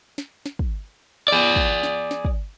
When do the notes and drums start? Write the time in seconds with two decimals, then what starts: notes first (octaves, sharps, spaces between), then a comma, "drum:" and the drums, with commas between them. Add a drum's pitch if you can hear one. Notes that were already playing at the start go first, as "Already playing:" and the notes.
0.18 drum: snare
0.46 drum: snare
0.59 drum: kick
1.28 G#4 D5
1.56 drum: kick
1.83 drum: snare
2.11 drum: snare
2.25 drum: kick